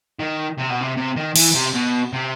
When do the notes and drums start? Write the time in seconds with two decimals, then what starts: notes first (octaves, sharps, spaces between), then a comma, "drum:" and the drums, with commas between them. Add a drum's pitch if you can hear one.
0.19 D#3
0.58 C3
0.69 B2
0.81 C3
0.97 C3
1.16 D#3
1.36 E3, drum: cymbal
1.55 C3
1.74 B2
2.13 C3